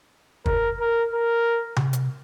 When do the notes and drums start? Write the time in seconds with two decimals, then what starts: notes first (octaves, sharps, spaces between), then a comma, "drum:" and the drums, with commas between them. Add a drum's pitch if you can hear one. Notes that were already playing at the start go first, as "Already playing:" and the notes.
0.46 A#4, drum: kick
0.81 A#4
1.14 A#4
1.76 drum: tom C3
1.93 drum: hi-hat